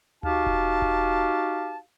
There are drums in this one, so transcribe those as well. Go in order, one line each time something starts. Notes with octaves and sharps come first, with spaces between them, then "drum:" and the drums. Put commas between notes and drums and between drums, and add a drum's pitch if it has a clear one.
D#4 F#4 G4 F5 A5, drum: tom D2
drum: kick E1
drum: kick E1